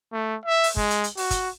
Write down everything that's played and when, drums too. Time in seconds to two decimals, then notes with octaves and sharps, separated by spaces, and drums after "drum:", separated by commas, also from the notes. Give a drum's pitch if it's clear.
0.12 A3
0.45 E5
0.64 drum: open hi-hat
0.76 G#3, drum: kick
0.90 drum: hi-hat
1.04 drum: hi-hat
1.17 F#4, drum: open hi-hat
1.31 drum: kick, hi-hat